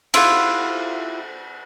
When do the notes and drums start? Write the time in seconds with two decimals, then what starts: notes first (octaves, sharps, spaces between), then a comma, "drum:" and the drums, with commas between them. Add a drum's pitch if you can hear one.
0.14 E4 F4 G4 F#5, drum: cymbal